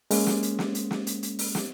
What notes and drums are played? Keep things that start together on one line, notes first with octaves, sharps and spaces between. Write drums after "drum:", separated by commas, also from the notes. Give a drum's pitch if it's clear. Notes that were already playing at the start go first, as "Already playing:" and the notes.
G#3 A#3 C#4, drum: open hi-hat
drum: snare
drum: hi-hat
drum: snare
drum: hi-hat
drum: snare
drum: hi-hat
drum: hi-hat
drum: open hi-hat
drum: snare